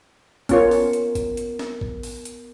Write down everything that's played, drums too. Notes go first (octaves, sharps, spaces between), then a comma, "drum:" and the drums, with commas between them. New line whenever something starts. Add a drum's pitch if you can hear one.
B3 C#4 F4 A#4 C#5, drum: kick A1, hi-hat
drum: open hi-hat
drum: hi-hat
drum: kick A1, hi-hat
drum: hi-hat
drum: snare
drum: kick A1
drum: open hi-hat
drum: hi-hat